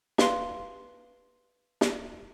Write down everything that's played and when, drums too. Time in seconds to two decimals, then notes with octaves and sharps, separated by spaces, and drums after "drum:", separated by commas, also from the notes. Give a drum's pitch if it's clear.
0.18 B4 F5 C6, drum: snare
1.81 drum: snare